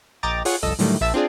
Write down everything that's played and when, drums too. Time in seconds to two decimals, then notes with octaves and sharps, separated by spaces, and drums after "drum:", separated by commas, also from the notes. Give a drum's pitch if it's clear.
0.23 A#1 D#5 G5 A#5 D6 A6
0.45 F4 G#4 C#5 F#5, drum: open hi-hat
0.63 G1 C2 F2 A4 D#5 E6
0.79 A2 D3 D#3 F#3 G3 A3, drum: open hi-hat
1.01 A#1 E5 A5 E6
1.14 C4 D4 F4 G#4 D5